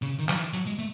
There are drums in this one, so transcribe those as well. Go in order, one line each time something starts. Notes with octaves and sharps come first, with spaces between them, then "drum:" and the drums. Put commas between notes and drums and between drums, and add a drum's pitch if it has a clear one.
C#3
D#3
F#3, drum: clap
E3
F#3, drum: hi-hat
G#3
A3